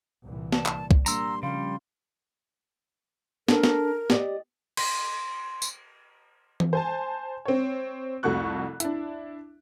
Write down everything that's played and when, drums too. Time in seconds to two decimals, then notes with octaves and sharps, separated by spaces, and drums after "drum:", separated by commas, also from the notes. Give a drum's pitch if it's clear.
0.24 C2 A#2 E3
0.52 A#3 D5 A5, drum: snare
0.66 drum: clap
0.91 drum: kick C2
1.06 G3 A#3 D4 A#5 C6 E6, drum: tambourine
1.43 C#3 F3 G3 F5 C6
3.48 D4 A4 A#4 A5, drum: snare
3.64 drum: snare
4.10 G4 D5 D#5, drum: snare
4.77 C6, drum: cymbal
5.62 drum: tambourine
6.60 drum: tom E3
6.73 C5 G#5 A5
7.45 C4 C#5
8.23 C2 F2 A3 F#4 C#6 F#6
8.80 D4 E4, drum: hi-hat